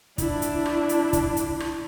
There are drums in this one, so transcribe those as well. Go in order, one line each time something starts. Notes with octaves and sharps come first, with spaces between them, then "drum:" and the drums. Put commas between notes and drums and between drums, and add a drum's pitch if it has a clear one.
D4 E4, drum: kick, hi-hat
drum: hi-hat
drum: rim click
drum: hi-hat
drum: kick, hi-hat
drum: hi-hat
drum: rim click